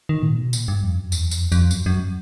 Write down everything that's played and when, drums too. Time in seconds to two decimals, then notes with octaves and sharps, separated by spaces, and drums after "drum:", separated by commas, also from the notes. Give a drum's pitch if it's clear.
0.09 D#3
0.23 A2
0.30 A#2
0.38 B2
0.53 A#2, drum: tambourine
0.68 G2
0.83 F2
0.98 F#2
1.12 E2, drum: tambourine
1.31 F2, drum: tambourine
1.52 F2, drum: tambourine
1.71 F#2, drum: tambourine
1.86 F#2